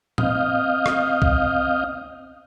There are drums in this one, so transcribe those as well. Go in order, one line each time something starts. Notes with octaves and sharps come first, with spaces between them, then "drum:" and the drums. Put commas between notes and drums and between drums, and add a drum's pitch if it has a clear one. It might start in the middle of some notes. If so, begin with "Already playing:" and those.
C4 D#5 F5 D#6 F6 G6, drum: tom A2
drum: rim click
drum: kick B1